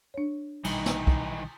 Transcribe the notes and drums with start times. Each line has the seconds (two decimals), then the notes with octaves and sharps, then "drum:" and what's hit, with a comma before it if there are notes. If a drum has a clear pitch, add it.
0.14 D4 C#5
0.64 A#1 B2 D#3 E3 G3 D#4, drum: cymbal
0.86 drum: snare
1.07 drum: kick